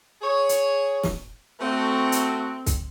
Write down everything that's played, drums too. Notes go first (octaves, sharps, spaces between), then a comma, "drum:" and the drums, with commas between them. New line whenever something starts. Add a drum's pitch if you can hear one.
G#4 C#5
drum: hi-hat
drum: snare
A3 C4 F#4
drum: hi-hat
drum: kick C2, hi-hat